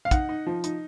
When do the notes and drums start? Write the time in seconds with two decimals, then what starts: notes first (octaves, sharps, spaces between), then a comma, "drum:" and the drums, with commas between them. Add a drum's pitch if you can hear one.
0.05 F5
0.11 D#4 F#5, drum: kick, hi-hat
0.29 D#4
0.46 F3
0.64 D#4, drum: hi-hat